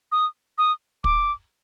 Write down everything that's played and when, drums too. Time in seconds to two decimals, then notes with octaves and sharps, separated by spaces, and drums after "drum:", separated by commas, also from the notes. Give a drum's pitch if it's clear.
0.12 D#6
0.58 D#6
1.04 D6, drum: kick